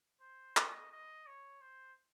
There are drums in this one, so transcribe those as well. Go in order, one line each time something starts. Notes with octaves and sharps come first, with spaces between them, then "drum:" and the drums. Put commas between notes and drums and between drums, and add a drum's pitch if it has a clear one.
C5
D#5, drum: clap
D#5
C#5
C5